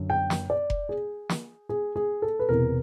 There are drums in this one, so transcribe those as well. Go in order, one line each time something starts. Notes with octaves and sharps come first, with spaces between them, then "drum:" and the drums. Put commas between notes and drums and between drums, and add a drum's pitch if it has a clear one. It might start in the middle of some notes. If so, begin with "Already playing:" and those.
Already playing: F#2 D3
G5
drum: snare
D5
drum: kick F1
G#4
drum: snare
G#4
G#4
A4
B4
E1 E2 C3 A#4